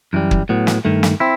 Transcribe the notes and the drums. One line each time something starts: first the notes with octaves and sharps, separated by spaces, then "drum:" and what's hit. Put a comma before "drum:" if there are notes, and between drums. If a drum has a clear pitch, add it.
F#2 E3 G3
drum: kick
A2 F#3 B3
drum: snare
G2 D#3 A3
drum: snare
C4 E4